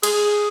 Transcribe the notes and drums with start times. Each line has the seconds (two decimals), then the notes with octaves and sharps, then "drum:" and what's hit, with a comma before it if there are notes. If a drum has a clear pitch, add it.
0.03 G#4, drum: cymbal